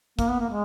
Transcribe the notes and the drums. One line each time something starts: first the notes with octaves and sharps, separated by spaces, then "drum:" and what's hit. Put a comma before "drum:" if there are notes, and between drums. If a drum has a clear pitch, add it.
A#3, drum: kick, hi-hat
B3
A#3
G#3